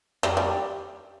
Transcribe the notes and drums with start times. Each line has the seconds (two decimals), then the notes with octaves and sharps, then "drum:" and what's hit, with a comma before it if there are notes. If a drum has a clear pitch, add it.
0.23 G3, drum: rim click
0.37 G3